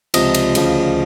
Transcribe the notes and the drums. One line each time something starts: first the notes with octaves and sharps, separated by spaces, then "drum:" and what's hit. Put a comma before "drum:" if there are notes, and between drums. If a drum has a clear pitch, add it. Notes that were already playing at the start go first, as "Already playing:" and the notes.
C#2 C3 F3 D#5, drum: cymbal
drum: cymbal
D2 C#3 F3, drum: cymbal